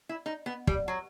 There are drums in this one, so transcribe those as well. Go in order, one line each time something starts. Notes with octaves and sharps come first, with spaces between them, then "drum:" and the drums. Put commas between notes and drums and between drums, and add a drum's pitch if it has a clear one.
E4
D#4
B3
G3, drum: kick
F#3